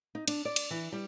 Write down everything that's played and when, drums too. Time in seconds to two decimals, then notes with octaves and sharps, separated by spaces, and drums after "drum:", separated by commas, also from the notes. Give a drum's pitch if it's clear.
0.15 D#4
0.28 D4, drum: cymbal
0.45 D5
0.56 drum: cymbal
0.71 E3
0.92 G3